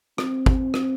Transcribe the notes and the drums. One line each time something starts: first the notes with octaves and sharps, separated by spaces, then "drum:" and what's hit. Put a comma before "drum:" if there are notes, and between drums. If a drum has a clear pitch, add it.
C4, drum: rim click
drum: kick
drum: rim click